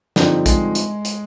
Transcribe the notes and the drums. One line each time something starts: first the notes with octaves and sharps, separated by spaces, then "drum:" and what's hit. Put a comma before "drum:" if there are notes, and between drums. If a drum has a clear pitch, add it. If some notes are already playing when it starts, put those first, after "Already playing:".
G2 D3 F3 C4 D#4, drum: snare
G#3, drum: kick, hi-hat
drum: hi-hat
drum: hi-hat